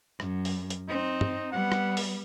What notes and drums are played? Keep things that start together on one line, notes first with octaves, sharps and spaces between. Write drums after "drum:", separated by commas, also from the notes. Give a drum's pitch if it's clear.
F#2, drum: rim click
drum: open hi-hat
drum: hi-hat
C4 D#4
drum: tom
G3 B3 F#5
drum: rim click
drum: open hi-hat